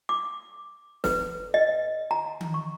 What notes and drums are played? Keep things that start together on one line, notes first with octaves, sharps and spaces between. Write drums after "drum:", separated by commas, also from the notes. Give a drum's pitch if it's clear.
D6
B4, drum: snare
D#5
A#5
drum: tom D#3
C#6